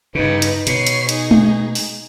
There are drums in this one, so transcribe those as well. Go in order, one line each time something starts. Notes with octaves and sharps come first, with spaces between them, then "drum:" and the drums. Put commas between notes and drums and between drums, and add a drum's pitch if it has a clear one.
G2 C#3 D#4 B4
drum: hi-hat
B2 C#5 C7, drum: hi-hat
drum: hi-hat
D#4 G#4, drum: hi-hat
drum: tom G#3
drum: open hi-hat